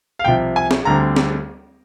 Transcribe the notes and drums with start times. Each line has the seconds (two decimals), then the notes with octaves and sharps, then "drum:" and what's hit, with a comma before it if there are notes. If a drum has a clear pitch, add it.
0.19 F5
0.24 C2 C3 F3 G5
0.56 G#5
0.71 drum: snare
0.85 D2 D3 G3 C4 A#5
1.16 drum: snare